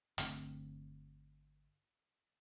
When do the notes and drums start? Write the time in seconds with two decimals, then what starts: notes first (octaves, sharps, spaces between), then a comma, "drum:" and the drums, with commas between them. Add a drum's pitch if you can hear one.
0.18 G1 D3 A3 C4, drum: hi-hat